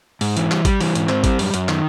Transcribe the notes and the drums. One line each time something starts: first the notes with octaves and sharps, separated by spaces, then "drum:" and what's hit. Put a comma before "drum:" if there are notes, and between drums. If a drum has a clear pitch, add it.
G#2, drum: open hi-hat
E3, drum: hi-hat
G3, drum: clap
G3, drum: kick G#1, hi-hat
E3, drum: open hi-hat
G#2, drum: hi-hat
C4, drum: clap
G3, drum: kick G#1, hi-hat
F#2, drum: open hi-hat
F#2, drum: hi-hat
D#3, drum: clap